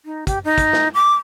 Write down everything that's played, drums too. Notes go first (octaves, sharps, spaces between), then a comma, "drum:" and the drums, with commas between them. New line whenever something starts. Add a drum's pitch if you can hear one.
D#4
G4, drum: kick, hi-hat
D#4
drum: kick, hi-hat
drum: snare
D6